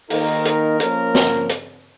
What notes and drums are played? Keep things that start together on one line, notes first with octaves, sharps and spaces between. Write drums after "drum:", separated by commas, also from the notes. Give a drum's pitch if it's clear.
D#3 A#3 D#4 A#4, drum: open hi-hat
drum: hi-hat
F3 A#3 C#4 A#4, drum: hi-hat
drum: snare
drum: hi-hat